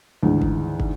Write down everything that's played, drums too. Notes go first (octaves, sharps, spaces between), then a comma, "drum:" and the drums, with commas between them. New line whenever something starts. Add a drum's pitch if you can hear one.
D2 G#2 D#3 E3
drum: kick
drum: kick